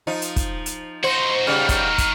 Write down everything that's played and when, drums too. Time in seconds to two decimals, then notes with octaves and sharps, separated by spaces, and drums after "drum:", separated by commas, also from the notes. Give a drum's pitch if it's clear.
0.07 F3 D#4
0.22 drum: hi-hat
0.36 drum: kick, hi-hat
0.66 drum: hi-hat
1.04 D#4 F#4 C5 C6
1.47 C#3 G3 F6
1.69 drum: kick, hi-hat
1.98 drum: kick, hi-hat